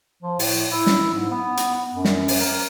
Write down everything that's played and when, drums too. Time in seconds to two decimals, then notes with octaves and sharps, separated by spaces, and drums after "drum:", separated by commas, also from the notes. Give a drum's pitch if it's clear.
0.23 F3
0.39 A2, drum: open hi-hat
0.70 E4
0.87 drum: snare
1.14 G#2
1.31 B3
1.57 drum: hi-hat
1.74 B3
1.94 F#2
2.05 drum: snare
2.28 drum: open hi-hat
2.41 A#4